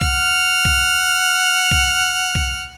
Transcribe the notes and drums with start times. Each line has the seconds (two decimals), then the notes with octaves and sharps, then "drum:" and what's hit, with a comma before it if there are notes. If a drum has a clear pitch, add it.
0.01 F#5 F6, drum: kick C2
0.65 drum: kick C2
1.71 drum: kick C2
2.35 drum: kick C2